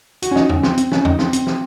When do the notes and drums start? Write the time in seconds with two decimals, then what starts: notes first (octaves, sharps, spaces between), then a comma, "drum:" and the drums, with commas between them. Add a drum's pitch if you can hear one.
0.22 F#4, drum: hi-hat
0.31 C#4
0.36 D#4, drum: snare
0.49 C#4, drum: tom E2
0.63 C4, drum: snare
0.77 C4, drum: hi-hat
0.92 C#4, drum: snare
1.05 D#4, drum: tom E2
1.19 C4, drum: snare
1.33 C4, drum: hi-hat
1.47 drum: snare